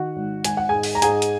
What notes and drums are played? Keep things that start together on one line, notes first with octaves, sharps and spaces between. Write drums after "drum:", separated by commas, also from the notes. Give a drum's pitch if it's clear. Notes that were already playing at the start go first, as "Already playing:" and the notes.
Already playing: D#3 F#4 F#5
G#1
G#1 G#5, drum: hi-hat
F#5
G#2 G#4 G#5
drum: open hi-hat
A#5
G#2 G#4 G#5, drum: hi-hat
drum: hi-hat